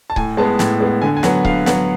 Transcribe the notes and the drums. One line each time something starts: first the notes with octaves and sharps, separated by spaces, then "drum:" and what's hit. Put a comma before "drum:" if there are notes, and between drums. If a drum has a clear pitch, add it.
A5
A2 G#5, drum: kick C#1
G#3 B3 A5
A2, drum: snare
G#3 B3
D3 G#5
G#5
F#3 B3 F#5, drum: snare
D3 F5, drum: kick C#1
F#3 B3 F#5, drum: snare